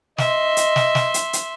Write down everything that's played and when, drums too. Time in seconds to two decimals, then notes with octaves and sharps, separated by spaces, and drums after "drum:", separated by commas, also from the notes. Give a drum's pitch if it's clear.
0.18 D#5 E5 C6, drum: snare
0.57 drum: hi-hat
0.76 drum: snare
0.95 drum: snare
1.14 drum: hi-hat
1.33 drum: hi-hat